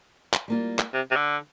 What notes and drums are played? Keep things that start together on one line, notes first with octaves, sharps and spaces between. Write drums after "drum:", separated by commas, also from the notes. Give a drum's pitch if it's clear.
drum: clap
G3 A#3 F4
drum: clap
C3
C3
D3